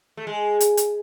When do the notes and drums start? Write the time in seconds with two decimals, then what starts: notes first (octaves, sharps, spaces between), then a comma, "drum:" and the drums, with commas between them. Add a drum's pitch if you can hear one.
0.17 A3
0.27 G#3
0.60 drum: hi-hat
0.77 drum: hi-hat